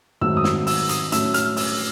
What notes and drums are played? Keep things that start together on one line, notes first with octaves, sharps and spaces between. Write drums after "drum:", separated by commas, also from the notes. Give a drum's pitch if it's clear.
G#2 D#3 F#3 A3 C4 E6, drum: tom
D#6
E6, drum: snare
E6, drum: open hi-hat
D#6, drum: hi-hat
A2 F#3 A3 C#4 E6, drum: hi-hat
F6, drum: hi-hat
E6, drum: open hi-hat